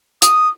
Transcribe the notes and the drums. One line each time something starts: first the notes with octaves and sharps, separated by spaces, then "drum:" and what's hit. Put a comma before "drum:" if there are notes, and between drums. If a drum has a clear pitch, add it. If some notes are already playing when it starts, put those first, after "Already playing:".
D#6, drum: hi-hat